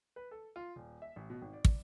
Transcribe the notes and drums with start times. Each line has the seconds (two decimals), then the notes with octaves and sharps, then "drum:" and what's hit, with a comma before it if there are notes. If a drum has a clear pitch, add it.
0.16 B4
0.31 A4
0.56 F4
0.76 D#1
1.02 E5
1.16 A1
1.30 B2
1.42 G#1
1.53 D5
1.65 drum: kick